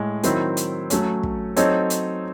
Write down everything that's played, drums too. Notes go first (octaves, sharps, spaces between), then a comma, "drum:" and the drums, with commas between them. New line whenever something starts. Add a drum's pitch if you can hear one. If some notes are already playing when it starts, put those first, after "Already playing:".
Already playing: A2 G#3
D#3 F#3 C4 E4, drum: hi-hat
drum: hi-hat
F#3 A3 C#4, drum: hi-hat
drum: kick
F#3 C4 D#4 A4 C#5, drum: hi-hat
drum: hi-hat